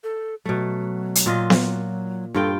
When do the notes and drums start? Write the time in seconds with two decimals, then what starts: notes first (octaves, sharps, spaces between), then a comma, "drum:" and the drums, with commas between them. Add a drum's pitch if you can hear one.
0.04 A4
0.45 B2 F#3 A3
1.15 drum: hi-hat
1.26 A#2 F4 D#5
1.50 drum: snare B3
2.34 G2 F4 A4 G5